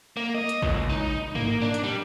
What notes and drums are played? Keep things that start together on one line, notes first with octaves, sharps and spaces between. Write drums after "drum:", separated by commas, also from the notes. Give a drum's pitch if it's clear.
A#3
D#5
drum: hi-hat
C#2, drum: kick
D#4
A#3, drum: tom G#2
D4
drum: hi-hat
G3